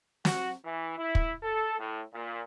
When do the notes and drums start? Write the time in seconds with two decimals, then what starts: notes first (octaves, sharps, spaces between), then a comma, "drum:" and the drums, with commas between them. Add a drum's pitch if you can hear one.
0.25 F#4, drum: snare
0.63 E3
0.96 E4
1.15 drum: kick
1.43 A4
1.79 A2
2.14 A#2